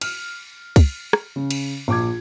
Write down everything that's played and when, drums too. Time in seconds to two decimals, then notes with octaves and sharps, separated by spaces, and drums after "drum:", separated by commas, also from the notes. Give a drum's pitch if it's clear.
0.01 F6, drum: cymbal
0.76 drum: kick, cymbal
1.13 drum: rim click
1.36 C#3
1.51 drum: cymbal
1.88 A#1 D6 G#6